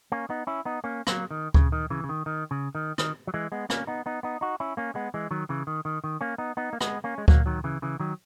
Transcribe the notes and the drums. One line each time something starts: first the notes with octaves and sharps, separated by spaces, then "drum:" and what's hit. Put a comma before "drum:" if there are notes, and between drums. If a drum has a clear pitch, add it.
A#3 C#4
B3 D#4
C#4 E4
B3 D#4
A#3 C#4
F#3 A#3, drum: rim click
D#3
C#3, drum: kick D2
D#3
C#3 E3
C#3
D#3
D#3
C#3
D#3
D#3, drum: rim click
F#3
E3 G#3
G#3 B3
A#3 C#4, drum: rim click
B3 D#4
B3 D#4
B3 D#4
D#4 F#4
C#4 E4
A#3 C#4
G#3 B3
E3 G#3
D#3 F#3
C#3 E3
D#3
D#3
D#3
A#3 C#4
B3 D#4
B3 D#4
A#3
G#3 B3, drum: rim click
A#3 C#4
G#3
F#3 A#3, drum: kick D2
D#3 F#3
C#3 E3
C#3 E3
D#3 F#3